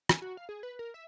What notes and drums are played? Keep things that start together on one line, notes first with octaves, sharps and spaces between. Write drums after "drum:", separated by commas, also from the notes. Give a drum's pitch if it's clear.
G#5, drum: rim click
F#4
F5
G#4
B4
A#4
E5